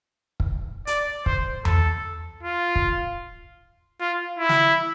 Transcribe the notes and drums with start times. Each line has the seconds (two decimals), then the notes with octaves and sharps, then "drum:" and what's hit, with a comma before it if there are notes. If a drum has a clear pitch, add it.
0.40 drum: kick
0.87 D5, drum: hi-hat
1.26 C5, drum: kick
1.65 A4, drum: tom E2
2.43 F4
2.75 drum: kick
4.00 F4
4.39 E4
4.49 drum: snare